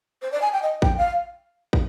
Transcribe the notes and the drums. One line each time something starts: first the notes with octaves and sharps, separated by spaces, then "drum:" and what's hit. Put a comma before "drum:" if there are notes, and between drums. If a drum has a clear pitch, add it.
C5
D5
G#5
G5
D#5
G5, drum: kick
F5
drum: kick